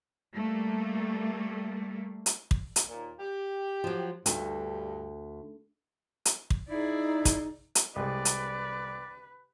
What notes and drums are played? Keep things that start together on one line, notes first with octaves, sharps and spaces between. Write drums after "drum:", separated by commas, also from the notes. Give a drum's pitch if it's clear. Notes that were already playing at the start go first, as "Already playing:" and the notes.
G3 A3 A#3
drum: hi-hat
drum: kick
drum: hi-hat
D#2 A#2
G4
F3 F#3
D2 G2, drum: hi-hat
drum: hi-hat
drum: kick
D#4 E4 G#4 D5
drum: kick, hi-hat
drum: hi-hat
C2 G#3 B4 D5
drum: hi-hat